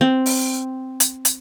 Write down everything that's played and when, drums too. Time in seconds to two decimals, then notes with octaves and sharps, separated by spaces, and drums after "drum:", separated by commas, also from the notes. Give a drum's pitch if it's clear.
0.01 C4
0.26 drum: open hi-hat
1.00 drum: hi-hat
1.25 drum: hi-hat